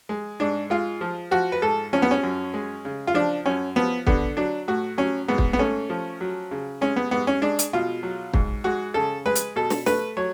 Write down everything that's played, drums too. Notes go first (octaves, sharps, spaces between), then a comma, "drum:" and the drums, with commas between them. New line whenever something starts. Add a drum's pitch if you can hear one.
G#3
G#2 D4
G#3 F4
F3
F3 F#4
B4
G#2 A4
F3 C#4
B3
C#4
F#2
G#3
C#3
F4
F3 D4
F#2 C#4
F3 B3
D3 B3, drum: kick
F#3 D4
A2 F#4
F#3 C#4
G#2 B3
drum: kick
B3
A3 C#4
F3
F#3
C#3
G#3 C#4
B3
G#2 B3
C#4
G#3 D4
drum: hi-hat
B2 F4
F#3
G#2, drum: kick
G#3 F#4
C#3 A4
G#3 B4
drum: hi-hat
B2 A4
drum: snare
A3 B4, drum: snare
F#3 C#5